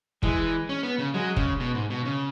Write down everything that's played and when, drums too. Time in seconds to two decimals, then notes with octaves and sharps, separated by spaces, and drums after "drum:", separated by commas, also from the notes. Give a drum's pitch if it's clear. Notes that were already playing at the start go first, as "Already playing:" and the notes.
0.23 E3 G#3, drum: kick
0.69 C#4
0.83 B3
0.98 C#3
1.14 F#3 G#3
1.36 C#3, drum: kick
1.60 B2
1.75 G#2
1.90 B2
2.05 C#3